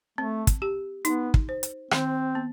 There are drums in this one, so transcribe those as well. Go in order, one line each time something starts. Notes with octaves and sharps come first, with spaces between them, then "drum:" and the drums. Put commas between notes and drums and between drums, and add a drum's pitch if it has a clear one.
A3 C4
drum: kick, hi-hat
G4
B3 D#4, drum: hi-hat
drum: kick
C5
drum: hi-hat
D#3 C4, drum: rim click
B3